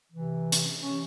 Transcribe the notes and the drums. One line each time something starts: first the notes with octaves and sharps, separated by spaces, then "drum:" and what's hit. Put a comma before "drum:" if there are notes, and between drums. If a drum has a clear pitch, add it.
C3 E3
drum: hi-hat
C3 E3 C#4